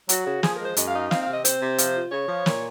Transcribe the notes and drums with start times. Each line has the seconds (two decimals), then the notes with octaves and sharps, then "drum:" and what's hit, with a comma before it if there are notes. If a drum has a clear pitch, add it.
0.09 F#3 F#4, drum: hi-hat
0.26 C#3
0.43 F3 G#4, drum: snare
0.55 A#4
0.60 G#3
0.65 C5
0.77 F#2 D#5, drum: hi-hat
0.88 F5
0.94 D#4
1.00 F5
1.11 C4 F5, drum: snare
1.22 F5
1.28 C3
1.33 D#5
1.45 C4 C5, drum: hi-hat
1.62 C3
1.78 F3, drum: hi-hat
1.95 F4
2.12 C#3 C#5
2.28 F3
2.46 A#2, drum: snare